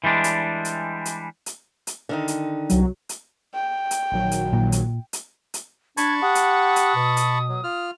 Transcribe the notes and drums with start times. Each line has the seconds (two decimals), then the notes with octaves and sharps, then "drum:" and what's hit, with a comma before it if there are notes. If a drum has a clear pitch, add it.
0.04 E3 G3 G#3 D4
0.24 drum: hi-hat
0.65 drum: hi-hat
1.05 drum: hi-hat
1.46 drum: hi-hat
1.87 drum: hi-hat
2.09 D3 D#3 D#4
2.28 drum: hi-hat
2.70 C2 F#3, drum: hi-hat
3.09 drum: hi-hat
3.55 G5
3.91 drum: hi-hat
4.12 A#1 D#3 F#3
4.31 drum: hi-hat
4.53 A#2
4.72 drum: hi-hat
5.13 drum: hi-hat
5.54 drum: hi-hat
5.97 D4 A5 B5 C#6 G#6, drum: hi-hat
6.22 G4 F#5 D#6
6.35 drum: hi-hat
6.76 drum: hi-hat
6.96 B2
7.17 drum: hi-hat
7.49 F#3
7.64 F4 F6